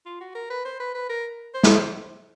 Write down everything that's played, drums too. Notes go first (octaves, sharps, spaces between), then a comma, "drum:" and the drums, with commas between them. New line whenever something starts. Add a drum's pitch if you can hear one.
F4
F#4
A#4
B4
C5
B4
B4
A#4
C5
drum: snare